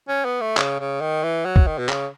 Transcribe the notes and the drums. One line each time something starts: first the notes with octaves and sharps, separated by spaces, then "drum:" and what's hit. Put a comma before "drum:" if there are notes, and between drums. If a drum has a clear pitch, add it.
C#4
B3
A3
C#3, drum: clap
C#3
D#3
E3
F#3
drum: kick
D#3
B2
C#3, drum: clap